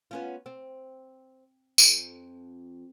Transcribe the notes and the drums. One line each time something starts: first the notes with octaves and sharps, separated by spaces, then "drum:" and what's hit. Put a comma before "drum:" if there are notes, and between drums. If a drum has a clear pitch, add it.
B3 C#4 F4
C4
F2, drum: tambourine